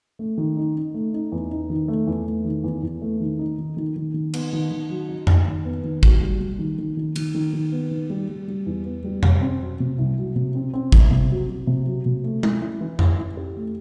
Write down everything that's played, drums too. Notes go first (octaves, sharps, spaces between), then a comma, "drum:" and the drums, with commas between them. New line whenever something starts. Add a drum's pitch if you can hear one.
A3
D#3
D#4
D#4
A3
D#4
E2
D#4
D#3
A3
E2
A3
D#3
E2
E2
A3
D#3
D#4
D#3
D#3
D#3
D#3
B3, drum: cymbal
D#3
D#3
F#3
D#4
D#4, drum: tom F2
D#3
B3
D#3
F#3, drum: kick
G3
G3
D#3
D#3
D#3
D#3, drum: cymbal
D#3
D#3
B3
D#3
G3
G3
G3
E2
B3
G3
C3, drum: tom F2
C4
F#3
C3
C2
F#3
C3
C4
C4
C2, drum: kick
C3
F#3
F#3
C3
F#3
C3
A3
E4, drum: tom
E4
E3
E4, drum: tom F2
E4
G4
A3